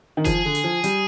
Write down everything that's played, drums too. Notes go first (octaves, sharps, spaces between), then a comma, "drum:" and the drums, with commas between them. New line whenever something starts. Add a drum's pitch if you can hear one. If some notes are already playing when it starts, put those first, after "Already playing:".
D#3
F3 G#4, drum: kick F1, hi-hat
D3
drum: hi-hat
F3
G3, drum: hi-hat